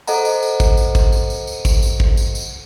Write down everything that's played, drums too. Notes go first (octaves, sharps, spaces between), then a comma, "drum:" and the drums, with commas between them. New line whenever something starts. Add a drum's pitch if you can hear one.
A4 C5 D#5 F#5 A#5, drum: tambourine
drum: tambourine
drum: tambourine
drum: kick, tambourine
drum: tambourine
drum: kick, tambourine
drum: tambourine
drum: tambourine
drum: tambourine
drum: kick, tambourine
drum: tambourine
drum: kick
drum: tambourine
drum: tambourine